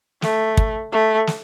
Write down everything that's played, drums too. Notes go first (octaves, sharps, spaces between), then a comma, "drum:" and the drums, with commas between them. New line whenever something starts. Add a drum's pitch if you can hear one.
A3, drum: snare
drum: kick
A3
drum: snare